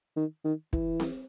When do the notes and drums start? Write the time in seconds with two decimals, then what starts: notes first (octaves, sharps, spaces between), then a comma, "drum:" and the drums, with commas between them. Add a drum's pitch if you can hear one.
0.17 D#3
0.45 D#3
0.73 E3, drum: kick
1.00 drum: snare C4